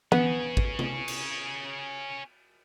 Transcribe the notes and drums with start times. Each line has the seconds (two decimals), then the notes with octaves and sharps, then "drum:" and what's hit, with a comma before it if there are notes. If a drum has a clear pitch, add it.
0.12 B3 C#4 G#4, drum: tom E3
0.57 drum: kick G#1
0.79 drum: tom C3
1.08 drum: cymbal